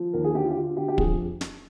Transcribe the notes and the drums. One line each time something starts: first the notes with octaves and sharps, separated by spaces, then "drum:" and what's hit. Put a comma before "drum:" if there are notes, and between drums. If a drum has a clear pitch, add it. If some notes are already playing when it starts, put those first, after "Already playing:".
Already playing: F3
D#2 A#4
G#4
D3 G4
F4
G4
D3 F4
D3 G4
G4
F2 G#4, drum: kick
drum: snare